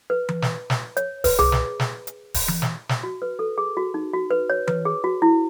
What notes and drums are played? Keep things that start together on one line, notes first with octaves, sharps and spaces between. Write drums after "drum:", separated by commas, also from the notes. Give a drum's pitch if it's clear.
B4
drum: tom E3
drum: snare
drum: snare
C#5, drum: hi-hat
B4, drum: kick D#1, open hi-hat
G#4, drum: tom C2
drum: snare
drum: snare
drum: hi-hat
drum: kick D#1, open hi-hat
drum: tom E3
drum: snare
drum: snare
F#4
B4
A4
G#4
F#4
D#4
F#4
B4
C#5
B4, drum: tom E3
G#4
F#4
E4